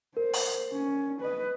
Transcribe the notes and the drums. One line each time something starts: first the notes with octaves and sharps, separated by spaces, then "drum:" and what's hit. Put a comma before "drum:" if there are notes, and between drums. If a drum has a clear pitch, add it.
A#4 C5
drum: open hi-hat
C#4
B4 D#5